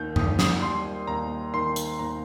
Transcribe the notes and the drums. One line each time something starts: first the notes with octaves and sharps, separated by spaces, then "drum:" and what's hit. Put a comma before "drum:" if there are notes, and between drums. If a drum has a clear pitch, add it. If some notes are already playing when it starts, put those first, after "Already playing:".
Already playing: D#2 D#3 G6
D#2 D#6, drum: tom F#2
D#6, drum: snare
G3 C6
D#2 A#5
D#3 C6
drum: hi-hat
D#2 A#5